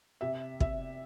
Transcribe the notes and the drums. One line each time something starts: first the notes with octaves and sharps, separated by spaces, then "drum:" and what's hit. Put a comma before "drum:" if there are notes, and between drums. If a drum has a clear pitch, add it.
C3 E5
C3 E5, drum: kick